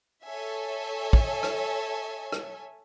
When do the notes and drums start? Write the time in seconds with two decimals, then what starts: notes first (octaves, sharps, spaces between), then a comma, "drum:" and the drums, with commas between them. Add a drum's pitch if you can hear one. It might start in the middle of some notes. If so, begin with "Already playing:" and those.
0.24 A4 C#5 E5 G#5
1.13 drum: kick
1.43 drum: rim click
2.32 drum: rim click